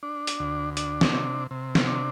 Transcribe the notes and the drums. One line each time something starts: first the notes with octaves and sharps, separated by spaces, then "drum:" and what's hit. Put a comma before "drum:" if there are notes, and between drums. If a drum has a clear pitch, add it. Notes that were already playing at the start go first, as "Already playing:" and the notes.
D4
drum: hi-hat
D2
D4, drum: hi-hat
drum: snare
C3
C3
drum: snare
D4